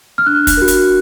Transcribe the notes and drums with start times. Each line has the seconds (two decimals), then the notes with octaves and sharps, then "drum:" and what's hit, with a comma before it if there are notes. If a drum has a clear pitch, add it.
0.18 F6
0.26 D4 F#6
0.47 drum: kick, hi-hat
0.57 F#4 A#4
0.68 drum: hi-hat